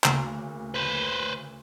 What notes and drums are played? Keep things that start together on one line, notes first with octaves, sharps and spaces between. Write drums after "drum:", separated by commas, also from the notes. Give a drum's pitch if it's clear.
D2 C#3 A#3, drum: clap
B4 C5